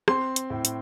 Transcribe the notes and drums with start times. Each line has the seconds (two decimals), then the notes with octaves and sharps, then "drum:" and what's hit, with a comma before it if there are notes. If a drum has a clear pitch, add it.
0.08 C4 C6, drum: rim click
0.36 drum: hi-hat
0.50 A2
0.65 drum: hi-hat